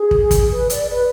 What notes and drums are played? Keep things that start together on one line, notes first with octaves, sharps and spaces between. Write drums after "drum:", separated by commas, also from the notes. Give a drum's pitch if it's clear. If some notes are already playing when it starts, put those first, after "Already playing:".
Already playing: G#4
drum: kick
drum: kick, hi-hat
B4
D5, drum: hi-hat
B4